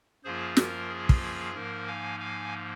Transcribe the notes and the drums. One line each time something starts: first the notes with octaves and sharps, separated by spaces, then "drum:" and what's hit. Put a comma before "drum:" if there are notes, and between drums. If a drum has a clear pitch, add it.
F#2 F3 A#3 F4 G#4 C5
A#4, drum: snare
G#4
drum: kick
G#4
G#2 F3 A#3 A#4
F5 G#5
F5 G#5